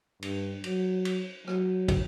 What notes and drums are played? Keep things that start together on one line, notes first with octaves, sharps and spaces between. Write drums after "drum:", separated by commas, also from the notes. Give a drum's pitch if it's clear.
G2, drum: cymbal
F#3, drum: cymbal
drum: cymbal
F#3, drum: rim click
drum: kick, cymbal